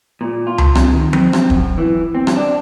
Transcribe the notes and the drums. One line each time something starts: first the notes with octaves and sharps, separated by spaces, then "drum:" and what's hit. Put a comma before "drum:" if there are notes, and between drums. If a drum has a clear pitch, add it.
A#2
F4
drum: tom C#2
C3, drum: rim click
D#3
C4, drum: tom F3
drum: rim click
F#2, drum: kick
E3
C4
drum: rim click
D4